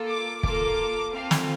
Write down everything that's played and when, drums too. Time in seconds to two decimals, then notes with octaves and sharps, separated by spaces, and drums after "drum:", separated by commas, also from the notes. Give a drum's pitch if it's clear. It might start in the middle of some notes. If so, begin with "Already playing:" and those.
Already playing: A#3 F4 A4
0.09 D6
0.43 A#3 F4 A4 D6, drum: kick
1.13 C4 F4 A4 F5
1.31 drum: snare